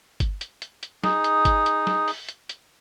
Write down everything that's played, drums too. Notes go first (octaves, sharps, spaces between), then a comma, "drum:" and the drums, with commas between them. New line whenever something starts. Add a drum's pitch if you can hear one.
drum: kick G1, hi-hat
drum: hi-hat
drum: hi-hat
drum: hi-hat
D#4 G#4, drum: snare
drum: hi-hat
drum: kick G1, hi-hat
drum: hi-hat
drum: snare
drum: open hi-hat
drum: hi-hat
drum: hi-hat